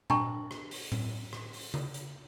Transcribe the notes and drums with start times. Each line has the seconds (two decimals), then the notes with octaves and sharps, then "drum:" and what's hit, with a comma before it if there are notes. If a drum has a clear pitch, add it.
0.10 D4 G5 A5 A#5 C#6, drum: tom A#2
0.51 drum: rim click
0.71 drum: open hi-hat
0.92 drum: tom A2
1.33 drum: rim click
1.53 drum: open hi-hat
1.74 drum: tom C#3
1.94 drum: hi-hat